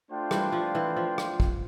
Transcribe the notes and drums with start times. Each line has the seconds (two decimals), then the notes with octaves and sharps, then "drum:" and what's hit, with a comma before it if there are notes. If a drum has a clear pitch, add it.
0.10 A3 D4 F4 C5 G5
0.31 E3 G3, drum: rim click
0.52 F3
0.75 E3
0.96 F3
1.18 drum: rim click
1.40 drum: kick